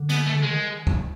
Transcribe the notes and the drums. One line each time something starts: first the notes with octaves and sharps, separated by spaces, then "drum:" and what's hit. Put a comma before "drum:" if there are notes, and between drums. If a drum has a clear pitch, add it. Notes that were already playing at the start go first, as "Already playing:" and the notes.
Already playing: D3
B3, drum: cymbal
A3
D3
C#3 G#3
D#3
drum: kick